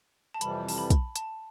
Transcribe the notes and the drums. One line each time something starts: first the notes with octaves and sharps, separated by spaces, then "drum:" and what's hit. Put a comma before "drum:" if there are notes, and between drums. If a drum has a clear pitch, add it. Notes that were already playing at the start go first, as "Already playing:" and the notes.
A5
F2 C3 E3 G3 B5, drum: hi-hat
A5, drum: open hi-hat
B5
drum: kick, hi-hat
A5, drum: hi-hat